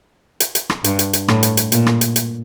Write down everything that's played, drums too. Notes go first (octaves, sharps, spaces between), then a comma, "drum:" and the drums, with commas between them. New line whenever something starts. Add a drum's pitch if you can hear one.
drum: hi-hat
drum: hi-hat
drum: rim click
G2, drum: hi-hat
drum: hi-hat
drum: hi-hat
A2, drum: rim click
drum: hi-hat
drum: hi-hat
A#2, drum: hi-hat
drum: rim click
drum: hi-hat
drum: hi-hat